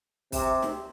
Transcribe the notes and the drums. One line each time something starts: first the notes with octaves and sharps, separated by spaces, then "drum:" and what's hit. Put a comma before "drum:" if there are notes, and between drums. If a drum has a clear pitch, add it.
C3, drum: kick B1, open hi-hat
drum: snare